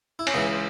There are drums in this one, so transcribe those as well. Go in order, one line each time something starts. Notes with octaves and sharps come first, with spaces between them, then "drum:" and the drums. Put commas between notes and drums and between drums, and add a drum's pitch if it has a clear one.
E4
C#4, drum: cymbal
C#2 C#3 E3 B3